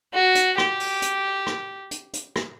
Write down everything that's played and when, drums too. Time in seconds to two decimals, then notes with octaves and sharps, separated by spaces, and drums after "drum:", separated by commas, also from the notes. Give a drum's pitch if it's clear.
0.14 F#4
0.35 drum: hi-hat
0.58 G4, drum: rim click
0.80 drum: open hi-hat
1.02 drum: hi-hat
1.47 drum: rim click
1.91 drum: hi-hat
2.13 drum: hi-hat
2.36 drum: rim click